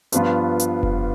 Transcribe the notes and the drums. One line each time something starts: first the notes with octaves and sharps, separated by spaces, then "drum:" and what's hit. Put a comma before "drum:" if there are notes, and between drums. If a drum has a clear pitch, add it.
G2 F3 B3 F4, drum: hi-hat
drum: hi-hat
drum: kick F1